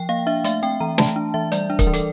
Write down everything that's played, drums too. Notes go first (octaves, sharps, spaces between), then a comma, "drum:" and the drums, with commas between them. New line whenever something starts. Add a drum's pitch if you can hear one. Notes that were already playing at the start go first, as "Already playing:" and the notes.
Already playing: F3 G5
A#3 F5
D4 E5
A3 E5, drum: hi-hat
C4 G5
E3 A#5
A3 A5, drum: snare
D4
E3 E5
G3 D5, drum: hi-hat
D4
A#4, drum: kick, hi-hat
E3
A4, drum: hi-hat